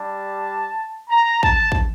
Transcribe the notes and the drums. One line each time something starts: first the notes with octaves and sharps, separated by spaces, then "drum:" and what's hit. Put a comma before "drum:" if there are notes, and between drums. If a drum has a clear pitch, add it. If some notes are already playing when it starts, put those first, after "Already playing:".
Already playing: G3 D4 G4 A5
A#5
A5, drum: kick
drum: kick